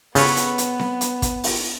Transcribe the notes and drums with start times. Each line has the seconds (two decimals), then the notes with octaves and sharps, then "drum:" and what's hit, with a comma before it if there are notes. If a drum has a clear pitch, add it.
0.15 C#3 B3 A4 B4 C#5, drum: open hi-hat
0.37 drum: hi-hat
0.58 drum: hi-hat
0.79 drum: snare C4
1.01 drum: hi-hat
1.22 drum: kick, hi-hat
1.44 drum: open hi-hat